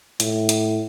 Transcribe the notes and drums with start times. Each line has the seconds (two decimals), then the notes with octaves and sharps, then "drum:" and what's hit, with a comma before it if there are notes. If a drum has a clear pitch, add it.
0.20 A2, drum: hi-hat
0.49 drum: hi-hat